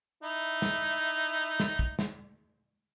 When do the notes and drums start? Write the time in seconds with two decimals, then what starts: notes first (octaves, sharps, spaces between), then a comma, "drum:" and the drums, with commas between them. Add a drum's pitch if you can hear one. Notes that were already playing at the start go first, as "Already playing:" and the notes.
0.23 D#4 E4
0.62 drum: snare
1.60 drum: snare
1.79 drum: kick
1.99 drum: snare